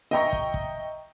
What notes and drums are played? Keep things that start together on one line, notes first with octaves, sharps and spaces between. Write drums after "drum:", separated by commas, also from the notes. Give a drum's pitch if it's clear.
D#5 E5 G5 A#5 C#6 A#6
drum: kick
drum: kick